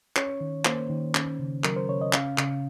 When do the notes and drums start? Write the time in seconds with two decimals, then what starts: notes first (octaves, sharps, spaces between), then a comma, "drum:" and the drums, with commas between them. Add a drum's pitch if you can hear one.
0.16 C#4 C#5, drum: clap
0.41 D#3
0.65 A#3 C5, drum: clap
0.90 D#3
1.15 C#4, drum: clap
1.40 C#3
1.64 F#3 A#4, drum: clap
1.76 C5
1.88 C#3 C#5
2.01 D#5
2.13 C#4 F5, drum: clap
2.38 C#3, drum: clap